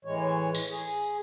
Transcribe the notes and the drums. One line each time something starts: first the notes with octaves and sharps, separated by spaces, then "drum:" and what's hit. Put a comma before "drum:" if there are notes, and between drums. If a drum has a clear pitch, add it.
A2 E3 G#3 C#5
drum: tambourine
G#4